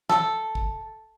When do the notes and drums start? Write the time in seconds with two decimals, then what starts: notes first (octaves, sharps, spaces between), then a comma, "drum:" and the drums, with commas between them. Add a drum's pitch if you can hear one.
0.09 A4, drum: snare
0.55 drum: kick